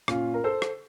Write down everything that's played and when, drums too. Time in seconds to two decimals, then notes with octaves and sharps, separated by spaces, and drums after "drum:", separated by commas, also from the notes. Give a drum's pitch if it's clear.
0.08 A#2 C#4 F4, drum: rim click
0.34 A#4
0.44 A4 C5
0.62 drum: rim click